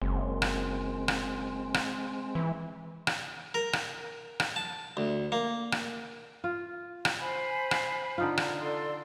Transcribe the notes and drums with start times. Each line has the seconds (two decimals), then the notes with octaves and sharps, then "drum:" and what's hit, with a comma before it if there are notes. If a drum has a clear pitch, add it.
0.02 F#1 G#3 C4
0.42 drum: rim click
1.08 drum: rim click
1.74 drum: rim click
2.35 E3
3.07 drum: rim click
3.54 A#4
3.73 drum: rim click
4.40 drum: rim click
4.56 A5
4.97 D2
5.32 A#3
5.72 drum: rim click
6.44 F4
7.05 drum: rim click
7.19 C5 G#5 B5
7.71 drum: rim click
8.18 D3 D#4 F4
8.37 drum: rim click
8.61 A4 D5 C6